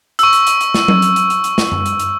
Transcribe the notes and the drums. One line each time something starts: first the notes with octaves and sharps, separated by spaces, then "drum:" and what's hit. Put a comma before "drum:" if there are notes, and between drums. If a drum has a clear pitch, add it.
C#6 E6, drum: hi-hat
drum: hi-hat
drum: hi-hat
drum: hi-hat
drum: snare
drum: tom F#3
drum: hi-hat
drum: hi-hat
drum: hi-hat
drum: hi-hat
drum: snare
drum: tom
drum: hi-hat
drum: hi-hat